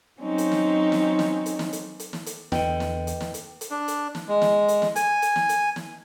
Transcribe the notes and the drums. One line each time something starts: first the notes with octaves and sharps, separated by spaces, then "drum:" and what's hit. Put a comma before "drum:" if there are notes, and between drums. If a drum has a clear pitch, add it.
F#3 C4 C#4 D#4
drum: hi-hat
drum: snare
drum: snare
drum: snare
drum: hi-hat
drum: snare
drum: hi-hat
drum: hi-hat
drum: snare
drum: hi-hat
E2 D3 B4 D#5 G5, drum: snare
drum: snare
drum: hi-hat
drum: snare
drum: hi-hat
drum: hi-hat
D4
drum: hi-hat
drum: snare
G#3
drum: snare
drum: hi-hat
drum: snare
G#5, drum: hi-hat
drum: hi-hat
drum: snare
drum: hi-hat
drum: snare